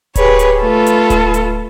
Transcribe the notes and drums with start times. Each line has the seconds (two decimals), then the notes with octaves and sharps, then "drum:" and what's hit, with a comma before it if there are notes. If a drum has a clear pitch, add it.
0.15 G4 G#4 B4 C#5, drum: kick D1, hi-hat
0.39 drum: hi-hat
0.60 A3 F4 A4 B4
0.86 drum: hi-hat
1.10 drum: kick D1, hi-hat
1.34 drum: hi-hat